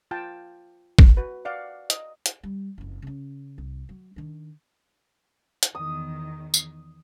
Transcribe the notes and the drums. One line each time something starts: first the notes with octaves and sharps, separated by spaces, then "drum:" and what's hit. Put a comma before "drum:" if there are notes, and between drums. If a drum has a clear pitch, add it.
F4 F5 G5 A5
drum: kick A1
F#4 B4
D5 F5 F#5
D#5, drum: hi-hat
drum: hi-hat
G3
F#1 F2
C#3 C#4
C2
F#3
D#3 D4
drum: hi-hat
E2 D#3 D#6
drum: tambourine